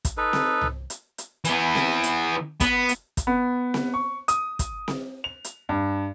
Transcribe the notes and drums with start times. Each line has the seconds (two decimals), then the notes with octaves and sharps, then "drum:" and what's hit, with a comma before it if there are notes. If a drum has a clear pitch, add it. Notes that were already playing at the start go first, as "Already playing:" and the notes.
0.05 drum: kick, hi-hat
0.17 D#4 A4 B4
0.33 drum: snare C4
0.61 drum: tom C2
0.90 drum: hi-hat
1.18 drum: hi-hat
1.45 E3 B3, drum: hi-hat
1.75 drum: snare C4
2.04 drum: hi-hat
2.60 B3, drum: kick, hi-hat
2.89 drum: hi-hat
3.17 drum: kick, hi-hat
3.27 B3
3.74 drum: snare C4
3.94 C#6
4.28 D#6, drum: hi-hat
4.59 drum: kick, hi-hat
4.88 drum: snare C4
5.24 F7
5.44 drum: hi-hat
5.69 G2